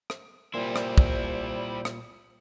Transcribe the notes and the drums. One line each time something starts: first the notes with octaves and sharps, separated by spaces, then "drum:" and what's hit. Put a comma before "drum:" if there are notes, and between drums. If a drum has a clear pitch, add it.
drum: rim click
A#2 G3 E4 C5 C6
drum: rim click
drum: kick
drum: rim click